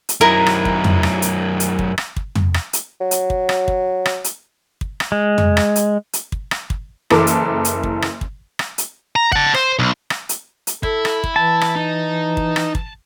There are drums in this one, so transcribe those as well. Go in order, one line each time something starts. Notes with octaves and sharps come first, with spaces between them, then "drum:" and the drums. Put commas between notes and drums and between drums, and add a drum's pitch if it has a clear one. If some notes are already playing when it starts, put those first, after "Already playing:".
drum: hi-hat
F#2 D#4 E4 A#4 A#5
drum: rim click
drum: kick
drum: tom
drum: rim click
drum: hi-hat
drum: hi-hat
drum: kick
drum: rim click
drum: kick
drum: tom
drum: rim click
drum: hi-hat
F#3
drum: hi-hat
drum: kick
drum: rim click
drum: kick
drum: rim click
drum: hi-hat
drum: kick
drum: rim click
G#3
drum: tom
drum: rim click
drum: hi-hat
drum: hi-hat
drum: kick
drum: rim click
drum: kick
F#1 E3 A4 A#4 D6, drum: rim click
drum: hi-hat
drum: hi-hat
drum: kick
drum: rim click
drum: kick
drum: rim click
drum: hi-hat
A#5
F#5 A5, drum: kick
C5, drum: rim click
B1
drum: rim click
drum: hi-hat
drum: hi-hat
E4 A4, drum: kick
drum: rim click
drum: kick
E3 A5
drum: rim click
D#4
drum: kick
drum: rim click
drum: kick